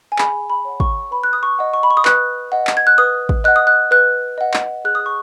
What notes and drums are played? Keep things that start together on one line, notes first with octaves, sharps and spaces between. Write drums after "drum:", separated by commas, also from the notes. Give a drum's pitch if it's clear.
G#5
G#4 B5, drum: clap
B5
C#5 F#5
C#6, drum: kick
B4 B5
F#6
D#6
C#6
D#5 F#5
C#6
B5
C#6
D#6
B4 F#6, drum: clap
D#5 F#5
drum: clap
G#6
F#6
B4 D#6
drum: kick
D#5 F#5 F#6
D#6
F#6
B4 F#6
D#5 F#5
drum: clap
G#4 F#6
D#6
C#6